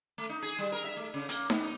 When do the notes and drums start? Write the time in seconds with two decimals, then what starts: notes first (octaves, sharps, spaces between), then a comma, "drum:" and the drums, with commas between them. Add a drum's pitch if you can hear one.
0.18 A3
0.29 D#4
0.43 G#4
0.59 G3
0.72 A#4
0.85 E5
0.97 A3
1.14 C#3
1.29 A#3, drum: hi-hat
1.50 B3, drum: snare D#4
1.63 D#4